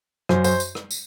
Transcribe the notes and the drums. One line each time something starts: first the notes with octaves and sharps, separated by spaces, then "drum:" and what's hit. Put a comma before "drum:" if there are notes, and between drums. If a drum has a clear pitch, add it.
F#2 F#3 C5, drum: rim click
C5, drum: tambourine
drum: tambourine
drum: rim click
drum: tambourine